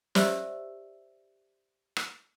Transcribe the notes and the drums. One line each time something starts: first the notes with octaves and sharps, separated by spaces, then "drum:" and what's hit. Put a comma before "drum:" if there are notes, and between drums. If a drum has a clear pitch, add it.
G4 C5 D5 E5 E6, drum: snare
drum: rim click